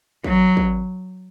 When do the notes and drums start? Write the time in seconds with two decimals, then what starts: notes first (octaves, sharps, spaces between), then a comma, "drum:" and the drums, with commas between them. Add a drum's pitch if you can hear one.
0.24 F#3, drum: kick G#1
0.57 drum: kick G#1